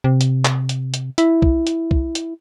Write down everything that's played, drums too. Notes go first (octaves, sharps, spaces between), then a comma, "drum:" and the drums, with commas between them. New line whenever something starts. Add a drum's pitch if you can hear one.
C3
drum: hi-hat
drum: clap
drum: hi-hat
drum: hi-hat
E4, drum: hi-hat
drum: kick
drum: hi-hat
drum: kick
drum: hi-hat